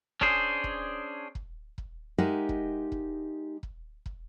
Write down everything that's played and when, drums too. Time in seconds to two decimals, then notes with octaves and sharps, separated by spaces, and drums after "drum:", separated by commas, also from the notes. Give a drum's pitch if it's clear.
0.21 C#4 D4 G#4 C5, drum: kick
0.64 drum: kick
1.35 drum: kick
1.78 drum: kick
2.18 G#3 D#4 G4 A#4 E5 F#5
2.49 drum: kick
2.92 drum: kick
3.63 drum: kick
4.06 drum: kick